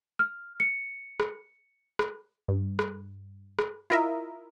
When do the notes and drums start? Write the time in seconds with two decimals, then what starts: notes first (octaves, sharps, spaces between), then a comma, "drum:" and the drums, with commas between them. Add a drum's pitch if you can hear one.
0.19 F6
0.60 C#7
1.20 drum: rim click
1.99 drum: rim click
2.48 G2
2.79 drum: rim click
3.59 drum: rim click
3.90 E4 F4 A#4 D#5 E5